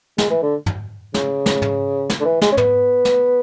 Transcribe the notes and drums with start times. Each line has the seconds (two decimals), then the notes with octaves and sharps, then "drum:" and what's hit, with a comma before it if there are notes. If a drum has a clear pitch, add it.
0.18 G#3, drum: snare
0.30 E3
0.42 D3
0.66 drum: tom
1.14 C#3, drum: snare
1.46 drum: snare
1.62 drum: tom
2.09 drum: snare
2.20 D3
2.25 E3
2.41 G#3, drum: snare
2.52 C#4
2.57 B3, drum: tom
3.05 drum: snare